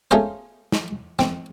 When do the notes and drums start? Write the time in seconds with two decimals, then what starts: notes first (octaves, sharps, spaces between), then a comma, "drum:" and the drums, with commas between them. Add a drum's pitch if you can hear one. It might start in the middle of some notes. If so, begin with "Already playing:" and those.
0.11 A3 C#4 F4 G#4 A#4 C5
0.72 drum: snare
1.19 C4, drum: snare